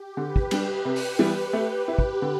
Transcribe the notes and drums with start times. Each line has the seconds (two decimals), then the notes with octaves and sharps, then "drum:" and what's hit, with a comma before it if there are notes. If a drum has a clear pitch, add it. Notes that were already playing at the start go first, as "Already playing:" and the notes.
Already playing: G4
0.17 D3 B4
0.36 drum: kick
0.51 G3 D4 B4, drum: cymbal
0.85 C3
0.96 drum: open hi-hat
1.19 E3 G3 B3
1.53 A3
1.88 E4 B4
1.98 drum: kick
2.22 D3